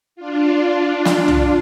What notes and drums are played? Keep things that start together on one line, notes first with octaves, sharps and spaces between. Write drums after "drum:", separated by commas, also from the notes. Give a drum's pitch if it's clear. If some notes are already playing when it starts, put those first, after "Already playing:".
D4 F4
drum: snare
drum: tom C2